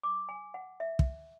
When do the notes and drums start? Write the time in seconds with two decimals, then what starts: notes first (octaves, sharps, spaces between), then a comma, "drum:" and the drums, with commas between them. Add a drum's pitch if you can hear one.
0.03 D6
0.29 G#5
0.54 F#5
0.80 E5
0.99 drum: kick